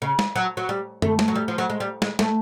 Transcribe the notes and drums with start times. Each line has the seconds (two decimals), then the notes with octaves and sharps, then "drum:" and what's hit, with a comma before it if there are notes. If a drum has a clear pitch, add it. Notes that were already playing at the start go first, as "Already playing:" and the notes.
0.02 C#3
0.19 drum: snare
0.36 F#3
0.57 F#3
0.69 G3
1.02 A3, drum: tom
1.19 drum: snare
1.28 F#3
1.36 G3
1.48 F3
1.58 F#3
1.70 G#3
1.80 G3
2.02 G#3, drum: snare
2.19 A3, drum: snare